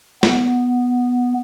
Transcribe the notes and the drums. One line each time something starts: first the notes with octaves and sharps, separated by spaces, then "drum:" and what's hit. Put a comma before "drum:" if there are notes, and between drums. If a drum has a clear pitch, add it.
B3, drum: snare